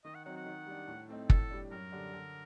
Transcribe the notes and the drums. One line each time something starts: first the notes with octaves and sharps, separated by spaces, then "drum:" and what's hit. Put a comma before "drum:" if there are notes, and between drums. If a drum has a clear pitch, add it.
D#3 D#5
F#5
F#3 C4 D#4 F#5
F#5
D#3
G3 D4
A2
A3 C4 D#4
A2 A4, drum: kick
G3 D4
F#2 A#4
D3 G3 D4
D3